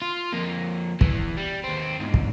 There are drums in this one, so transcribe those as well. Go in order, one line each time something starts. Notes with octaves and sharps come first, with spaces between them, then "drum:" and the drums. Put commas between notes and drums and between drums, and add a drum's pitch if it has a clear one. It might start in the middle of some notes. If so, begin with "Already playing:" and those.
F4
F2 A#3
E2 E3, drum: kick
G3
D#2 C4
E2 G#2
drum: kick